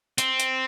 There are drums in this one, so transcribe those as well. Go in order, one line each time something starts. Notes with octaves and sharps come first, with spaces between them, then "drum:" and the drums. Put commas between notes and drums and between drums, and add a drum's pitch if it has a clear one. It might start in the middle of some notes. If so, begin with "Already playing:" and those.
C4, drum: hi-hat
drum: hi-hat